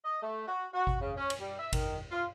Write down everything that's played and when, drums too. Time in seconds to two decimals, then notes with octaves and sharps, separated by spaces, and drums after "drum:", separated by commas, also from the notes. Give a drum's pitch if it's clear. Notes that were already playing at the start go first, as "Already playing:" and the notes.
0.04 D#5
0.22 A3
0.47 F#4
0.73 F#4
0.87 drum: kick G#1
1.00 C#3
1.16 C#4
1.30 drum: cymbal
1.40 G3
1.58 E5
1.73 D#3, drum: kick G#1, cymbal
2.11 F4